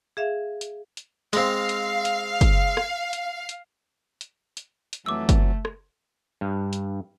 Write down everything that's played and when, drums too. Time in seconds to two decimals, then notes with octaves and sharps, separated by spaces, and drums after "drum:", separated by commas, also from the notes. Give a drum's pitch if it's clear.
0.17 G#4 E5 F5
0.61 drum: hi-hat
0.97 drum: hi-hat
1.33 G#3 C4 F5, drum: hi-hat
1.69 drum: hi-hat
2.05 drum: hi-hat
2.41 drum: kick, hi-hat
2.77 drum: rim click
3.13 drum: hi-hat
3.49 drum: hi-hat
4.21 drum: hi-hat
4.57 drum: hi-hat
4.93 drum: hi-hat
5.06 F2 E3 F#3 A3 D6 E6
5.29 drum: kick, hi-hat
5.65 drum: rim click
6.41 G2
6.73 drum: hi-hat